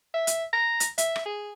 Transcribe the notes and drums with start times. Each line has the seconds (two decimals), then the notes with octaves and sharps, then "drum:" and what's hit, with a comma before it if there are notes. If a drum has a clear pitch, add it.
0.14 E5
0.27 drum: hi-hat
0.53 A#5
0.80 drum: hi-hat
0.98 E5, drum: hi-hat
1.16 drum: rim click
1.26 G#4